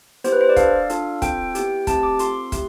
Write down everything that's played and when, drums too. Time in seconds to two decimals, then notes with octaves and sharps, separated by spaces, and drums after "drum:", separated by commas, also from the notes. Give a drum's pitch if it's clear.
0.24 B3 E4 G4 C5, drum: hi-hat
0.32 B4
0.41 C5
0.49 D5
0.56 D4 A4 F5, drum: kick, hi-hat
0.90 D4 F4 A4, drum: hi-hat
1.22 C4 F4 A4 G5, drum: kick, hi-hat
1.55 B3 E4 G4, drum: hi-hat
1.87 A3 C4 G4 A5, drum: kick, hi-hat
2.03 D6
2.19 C4 F4 A4 C6, drum: hi-hat
2.52 A3 E4 G4, drum: kick, hi-hat